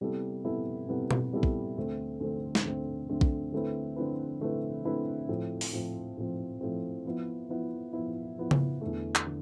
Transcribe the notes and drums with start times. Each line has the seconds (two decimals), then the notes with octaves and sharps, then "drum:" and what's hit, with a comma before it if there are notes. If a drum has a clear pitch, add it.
0.01 C3 G3 B3 E4 A4
0.45 C3 G3 B3 E4 A4
0.88 C3 G3 B3 E4 A4
1.11 drum: tom B2
1.32 C3 G3 B3 E4 A4
1.43 drum: kick
1.77 D2 D3 A3 C4
2.20 D2 D3 A3 C4
2.55 drum: snare
2.64 D2 D3 A3 C4
3.09 D2 D3 A3 C4
3.21 drum: kick
3.52 D3 A3 C4 E4 B4
3.96 D3 A3 C4 E4 B4
4.41 D3 A3 C4 E4 B4
4.85 D3 A3 C4 E4 B4
5.29 A2 F3 C4
5.61 drum: open hi-hat
5.73 A2 F3 C4
6.17 A2 F3 C4
6.61 A2 F3 C4
7.05 F3 B3 E4
7.49 F3 B3 E4
7.93 F3 B3 E4
8.38 F3 B3 E4
8.51 drum: tom C#3
8.81 E2 D3 A3
9.15 drum: clap
9.27 D3